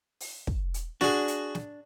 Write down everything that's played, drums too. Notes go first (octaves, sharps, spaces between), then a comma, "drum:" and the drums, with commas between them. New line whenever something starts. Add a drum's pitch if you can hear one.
drum: open hi-hat
drum: kick
drum: hi-hat
D4 F#4 G#4, drum: snare
drum: hi-hat
drum: snare